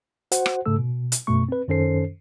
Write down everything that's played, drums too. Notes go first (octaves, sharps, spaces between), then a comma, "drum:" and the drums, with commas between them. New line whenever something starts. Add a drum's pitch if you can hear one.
F#4 C5 F#5, drum: hi-hat
drum: rim click
G#2 C#3 A3 A4 E6
B2
drum: hi-hat
F#2 B2 A3 C#6
C4 B4
F#2 D#3 C#4 A4 C5 C7